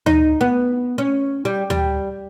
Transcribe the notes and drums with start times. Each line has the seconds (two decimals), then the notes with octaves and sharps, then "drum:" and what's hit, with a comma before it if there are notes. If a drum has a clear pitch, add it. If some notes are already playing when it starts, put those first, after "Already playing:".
0.06 D#4, drum: tom D2
0.41 B3
0.98 C#4
1.45 G3
1.70 G3, drum: tom D2